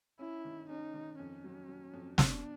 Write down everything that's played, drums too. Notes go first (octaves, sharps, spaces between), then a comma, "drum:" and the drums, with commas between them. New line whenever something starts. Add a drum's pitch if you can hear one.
C#4 E4
D#3
C#4 D#4
D#3
F2 C#4
F#3
F#3
F2
B2 D4, drum: snare